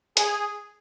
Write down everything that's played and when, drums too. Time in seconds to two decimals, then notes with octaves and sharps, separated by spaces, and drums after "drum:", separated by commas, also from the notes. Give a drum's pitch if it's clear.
0.17 G#4, drum: hi-hat